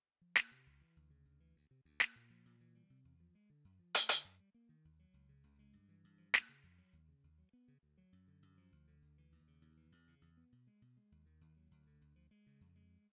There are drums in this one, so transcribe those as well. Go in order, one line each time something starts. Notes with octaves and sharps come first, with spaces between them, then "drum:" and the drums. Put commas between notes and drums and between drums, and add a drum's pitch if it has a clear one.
F3
A#3, drum: snare
C3
C#2
E3
D2
C#3
D2
E3
D2
C3
D2
A#3, drum: snare
A#2
F3
A#2
E3
G3
C3
E2
F3
G#3
D3
F#2
F3
A3, drum: hi-hat
D3, drum: hi-hat
F#2
G3
A#3
D#3
D#2
F#3
C#2
C#3
C#2
G#3
G2
E3
G2
F3
A#3, drum: snare
C#3
F2
F#3
D#2
C#3
D#2
F#3
B3
C#3
D2
F#3
F#2
D3
F#2
F3
D2
D3
D2
E3
D#2
C#3
D#2
E3
E2
C#3
E2
B3
B2
G#3
B2
G#3
D#2
D#3
D#2
F#3
D2
D3
D2
F3
G#3
C#3
F2
G#3